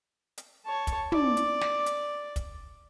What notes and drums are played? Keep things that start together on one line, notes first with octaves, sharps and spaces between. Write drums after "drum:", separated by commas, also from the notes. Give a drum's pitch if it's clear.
drum: hi-hat
C#5 A5
drum: kick, hi-hat
D5, drum: tom
drum: hi-hat
drum: snare
drum: hi-hat
drum: kick, hi-hat